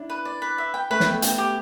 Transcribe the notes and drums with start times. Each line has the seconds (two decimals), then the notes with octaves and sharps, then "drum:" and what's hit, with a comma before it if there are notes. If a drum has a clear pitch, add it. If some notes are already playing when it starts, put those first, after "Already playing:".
Already playing: D4 E4
0.10 B4
0.25 D5
0.42 B4
0.58 E5
0.74 G5
0.90 A3 B4
1.00 B3, drum: snare
1.06 A3 G5
1.22 B3 G5, drum: hi-hat
1.38 G4